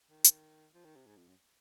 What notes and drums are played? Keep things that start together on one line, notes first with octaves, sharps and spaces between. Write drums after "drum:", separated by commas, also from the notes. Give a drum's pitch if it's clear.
D#3
drum: hi-hat
F3
D#3
C3
G#2
F2
F#2